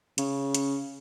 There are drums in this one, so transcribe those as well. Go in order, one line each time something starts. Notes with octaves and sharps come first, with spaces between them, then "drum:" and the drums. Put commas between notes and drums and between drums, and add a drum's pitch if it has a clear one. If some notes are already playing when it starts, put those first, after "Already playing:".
C#3, drum: hi-hat
drum: hi-hat